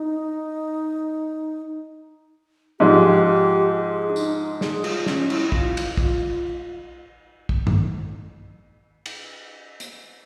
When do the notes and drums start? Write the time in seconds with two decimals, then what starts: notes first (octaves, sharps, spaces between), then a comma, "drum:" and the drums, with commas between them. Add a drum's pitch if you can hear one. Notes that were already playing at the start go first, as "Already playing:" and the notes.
Already playing: D#4
2.80 G#2 F3 G#3 G4
3.25 G4
3.71 G#4
4.10 D4
4.16 D#4, drum: tambourine
4.61 G#4, drum: snare
4.84 F4, drum: cymbal
5.06 C#4, drum: snare
5.30 E4, drum: cymbal
5.52 F4, drum: kick
5.77 drum: cymbal
5.97 F4, drum: kick
7.49 drum: kick
7.67 drum: tom G2
9.06 drum: cymbal
9.80 drum: hi-hat